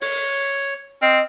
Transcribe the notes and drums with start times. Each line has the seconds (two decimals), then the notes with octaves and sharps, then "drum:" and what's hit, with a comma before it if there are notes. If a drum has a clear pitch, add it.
0.01 C#5, drum: open hi-hat
1.02 C4 D#5 F6